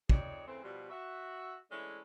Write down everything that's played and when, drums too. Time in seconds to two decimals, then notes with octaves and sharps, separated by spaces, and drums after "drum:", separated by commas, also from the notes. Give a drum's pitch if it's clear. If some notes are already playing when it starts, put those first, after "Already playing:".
0.09 F2 C4 D#4 G#4 C#5 D5, drum: kick
0.47 C#3 E3 A3 C4
0.63 B2 F3 G3
0.90 F#4 E5
1.71 E3 G#3 A3 C#4 D4 E4